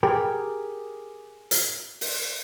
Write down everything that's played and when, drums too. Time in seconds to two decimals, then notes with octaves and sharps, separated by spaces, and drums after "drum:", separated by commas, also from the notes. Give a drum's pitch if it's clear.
0.03 G4 G#4 A#4
1.51 drum: hi-hat
2.01 drum: open hi-hat